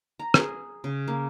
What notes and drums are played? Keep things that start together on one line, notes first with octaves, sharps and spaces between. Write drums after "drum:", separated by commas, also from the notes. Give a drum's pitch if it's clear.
A#5
G#4, drum: rim click
C#3
A#3